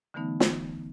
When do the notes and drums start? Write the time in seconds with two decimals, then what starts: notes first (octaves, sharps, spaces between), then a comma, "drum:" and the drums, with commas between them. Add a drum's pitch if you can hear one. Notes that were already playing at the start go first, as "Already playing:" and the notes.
0.14 D3 E3 G3 A3 B3 D#4
0.40 drum: snare